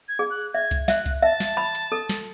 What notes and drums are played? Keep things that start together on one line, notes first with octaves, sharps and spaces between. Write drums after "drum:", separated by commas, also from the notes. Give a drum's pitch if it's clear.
G#6
G#4
F#6
E5 G#6
drum: kick C2, hi-hat
E5 F#6, drum: snare
drum: kick C2, hi-hat
E5 A5
drum: snare
B5
drum: hi-hat
A4
drum: snare